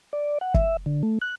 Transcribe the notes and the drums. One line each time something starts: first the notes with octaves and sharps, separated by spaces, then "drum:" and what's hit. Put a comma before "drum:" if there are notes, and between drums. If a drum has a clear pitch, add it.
D5
F#5
E5, drum: kick
D3
A3
F#6